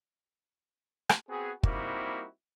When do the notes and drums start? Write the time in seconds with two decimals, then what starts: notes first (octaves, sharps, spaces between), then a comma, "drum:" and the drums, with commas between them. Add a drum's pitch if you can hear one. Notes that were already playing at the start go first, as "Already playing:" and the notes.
1.09 drum: rim click
1.28 B3 C4 F#4 G#4
1.63 G3 A#3 C4 D#4 E4 F#4, drum: kick